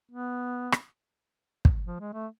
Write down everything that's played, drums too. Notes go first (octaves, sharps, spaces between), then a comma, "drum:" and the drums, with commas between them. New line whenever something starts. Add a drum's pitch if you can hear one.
B3
drum: rim click
drum: kick
F3
G#3
A3